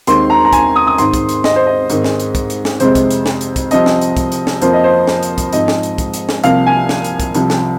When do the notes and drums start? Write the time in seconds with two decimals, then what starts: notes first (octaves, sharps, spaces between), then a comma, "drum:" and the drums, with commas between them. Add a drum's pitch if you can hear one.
0.07 D#2 D#3 G#3 C4 C6, drum: hi-hat
0.30 A#5
0.45 A#5
0.53 G#5, drum: kick, hi-hat
0.76 D#6
0.87 D#6
0.98 G#2 D#3 C4 C6, drum: hi-hat
1.14 drum: kick, hi-hat
1.29 drum: hi-hat
1.44 D#5, drum: snare
1.56 C5
1.67 D#5
1.90 G#2 D#3 C4, drum: hi-hat
2.04 drum: snare
2.20 drum: hi-hat
2.35 drum: kick, hi-hat
2.50 drum: hi-hat
2.65 drum: snare
2.80 F2 C3 G#3 C5, drum: hi-hat
2.95 drum: kick, hi-hat
3.11 drum: hi-hat
3.26 drum: snare
3.41 drum: hi-hat
3.56 drum: kick, hi-hat
3.71 C2 C3 F3 C4 D#5, drum: hi-hat
3.86 drum: snare
4.01 drum: hi-hat
4.17 drum: kick, hi-hat
4.32 drum: hi-hat
4.47 drum: snare
4.62 F2 F3 A#3 C5, drum: hi-hat
4.73 D#5
4.84 C5
5.07 drum: snare
5.23 drum: hi-hat
5.38 drum: kick, hi-hat
5.53 G#2 F3 G#3 C4 D#5, drum: hi-hat
5.68 drum: snare
5.83 drum: hi-hat
5.98 drum: kick, hi-hat
6.14 drum: hi-hat
6.29 drum: snare
6.44 C2 C3 F3 A#3 F5, drum: hi-hat
6.66 G#5
6.89 drum: snare
7.04 drum: hi-hat
7.20 drum: kick, hi-hat
7.34 C2 C3 F3, drum: hi-hat
7.50 drum: snare